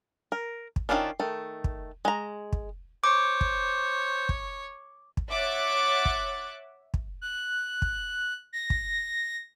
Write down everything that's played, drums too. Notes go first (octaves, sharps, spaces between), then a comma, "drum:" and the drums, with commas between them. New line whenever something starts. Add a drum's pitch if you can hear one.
A#4
drum: kick
D#3 G#3 C#4 D4 F4
D#3 A3
drum: kick
G#3 A#5
drum: kick
C5 C#5 D6
drum: kick
drum: kick
drum: kick
C#5 E5 F#5 D6 F#6 A6
drum: kick
drum: kick
F#6
drum: kick
A#6
drum: kick